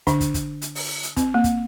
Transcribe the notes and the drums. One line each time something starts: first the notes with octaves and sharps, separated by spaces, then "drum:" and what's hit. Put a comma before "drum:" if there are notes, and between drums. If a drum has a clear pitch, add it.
D3 D4, drum: kick, hi-hat
drum: kick, hi-hat
drum: kick, hi-hat
drum: hi-hat
drum: open hi-hat
drum: hi-hat
C4, drum: kick, hi-hat
A#3
drum: kick, hi-hat